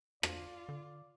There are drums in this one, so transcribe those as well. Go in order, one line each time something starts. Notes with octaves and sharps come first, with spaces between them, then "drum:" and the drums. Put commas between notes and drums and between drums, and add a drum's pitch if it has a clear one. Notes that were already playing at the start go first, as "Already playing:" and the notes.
F4 D5, drum: rim click
D3